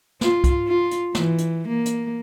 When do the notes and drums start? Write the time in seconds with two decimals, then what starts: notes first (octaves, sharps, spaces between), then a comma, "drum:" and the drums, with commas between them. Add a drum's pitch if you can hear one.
0.21 F4, drum: snare
0.44 drum: kick C2, hi-hat
0.67 F4
0.91 drum: hi-hat
1.15 E3, drum: snare
1.38 drum: hi-hat
1.68 A#3
1.86 drum: hi-hat